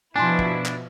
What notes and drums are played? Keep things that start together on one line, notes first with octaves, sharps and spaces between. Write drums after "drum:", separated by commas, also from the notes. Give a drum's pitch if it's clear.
B2 F3 D4 E4 G#5 A5 C6
drum: kick
drum: clap